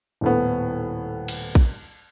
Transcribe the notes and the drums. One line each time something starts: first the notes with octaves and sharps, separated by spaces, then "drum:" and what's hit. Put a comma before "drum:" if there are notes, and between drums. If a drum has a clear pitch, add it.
D#1 A2 B3
drum: cymbal
drum: kick